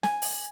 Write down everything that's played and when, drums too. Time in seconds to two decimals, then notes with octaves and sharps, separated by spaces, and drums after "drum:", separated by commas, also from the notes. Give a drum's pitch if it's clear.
0.03 G#5, drum: snare
0.22 drum: open hi-hat